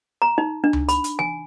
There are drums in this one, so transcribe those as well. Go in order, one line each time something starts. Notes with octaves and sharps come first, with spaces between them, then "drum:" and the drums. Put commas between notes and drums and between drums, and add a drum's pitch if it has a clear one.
A#5
D#4
D4
drum: tom C#2
B5, drum: hi-hat
drum: hi-hat
G#5, drum: tom E3